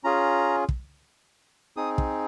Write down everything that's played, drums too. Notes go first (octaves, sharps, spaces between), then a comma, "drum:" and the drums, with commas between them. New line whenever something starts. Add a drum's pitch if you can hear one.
C#4 F4 G#4 A#5
drum: kick
C4 D#4 G#4 D#6
drum: kick